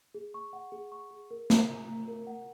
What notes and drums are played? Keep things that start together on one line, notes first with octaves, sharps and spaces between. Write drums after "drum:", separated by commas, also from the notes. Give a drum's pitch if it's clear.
G#4
C#6
F#5
G#4
C#6
G#4
A#4
A#4, drum: snare
A#5
A#5
A#4
F#5